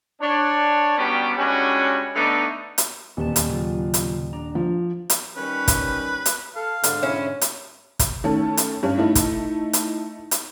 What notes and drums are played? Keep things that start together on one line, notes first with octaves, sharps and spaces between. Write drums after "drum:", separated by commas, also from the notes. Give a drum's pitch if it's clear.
D4 C#5
F#3 G3 B3 C#4 D4 G4
G3 G#3 C#4 D4 E4 F#4
D3 A3 B3 D4 D#4
drum: hi-hat
D#1 E2 B3 A5
drum: hi-hat
C#3 F#3 F4
drum: hi-hat
D4 A#5
F3
drum: hi-hat
D#3 G3 C#4 B4
drum: kick, hi-hat
drum: hi-hat
A4 F5
G#2 D3, drum: hi-hat
C#4 E4
drum: hi-hat
drum: kick, hi-hat
D#3 A3 C#4 A4
drum: hi-hat
G2 C#4
A3 D#4 E4
drum: kick, hi-hat
drum: hi-hat
drum: hi-hat